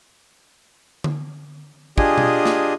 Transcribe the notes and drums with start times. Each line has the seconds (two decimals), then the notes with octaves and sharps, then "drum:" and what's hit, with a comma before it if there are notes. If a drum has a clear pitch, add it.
1.04 drum: tom D3
1.98 D4 F4 G4 G#4 D#5 G#5, drum: kick
2.18 drum: tom B2
2.46 drum: snare